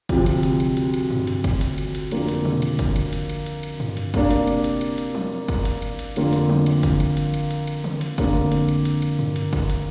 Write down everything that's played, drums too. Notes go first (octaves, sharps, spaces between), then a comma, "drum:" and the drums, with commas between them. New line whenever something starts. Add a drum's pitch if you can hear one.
D2 C3 F3, drum: kick, cymbal
drum: cymbal
drum: cymbal
drum: cymbal
drum: cymbal
drum: cymbal
drum: tom G2
drum: cymbal
drum: kick, cymbal
drum: cymbal
drum: cymbal
drum: cymbal
F2 D3 A#3 F4, drum: cymbal
drum: cymbal
drum: tom B2
drum: cymbal
drum: kick, cymbal
drum: cymbal
drum: cymbal
drum: cymbal
drum: cymbal
drum: cymbal
drum: tom G2
drum: cymbal
C3 A#3 D4, drum: kick, cymbal
drum: cymbal
drum: cymbal
drum: cymbal
drum: cymbal
drum: cymbal
drum: tom F3
drum: kick, cymbal
drum: cymbal
drum: cymbal
drum: cymbal
F2 D3 A#3 F4, drum: cymbal
drum: cymbal
drum: tom F3
drum: cymbal
drum: kick, cymbal
drum: cymbal
drum: cymbal
drum: cymbal
drum: cymbal
drum: cymbal
drum: tom D3
drum: cymbal
F2 D3 A#3, drum: kick, cymbal
drum: cymbal
drum: cymbal
drum: cymbal
drum: cymbal
drum: tom G2
drum: cymbal
drum: kick, cymbal
drum: cymbal